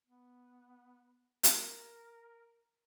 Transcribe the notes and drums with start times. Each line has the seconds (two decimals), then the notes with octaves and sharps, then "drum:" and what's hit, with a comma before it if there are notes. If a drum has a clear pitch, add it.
0.07 B3
1.43 A#4, drum: hi-hat